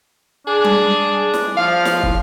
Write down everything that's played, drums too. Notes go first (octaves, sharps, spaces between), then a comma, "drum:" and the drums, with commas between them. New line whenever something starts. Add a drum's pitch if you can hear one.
D4 G#4
drum: tom G3
drum: snare
F3 F5
drum: snare
drum: kick